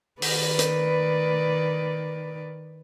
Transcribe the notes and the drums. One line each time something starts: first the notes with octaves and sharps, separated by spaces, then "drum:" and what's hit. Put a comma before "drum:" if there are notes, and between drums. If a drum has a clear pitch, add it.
D#3 B4 D5, drum: open hi-hat
drum: hi-hat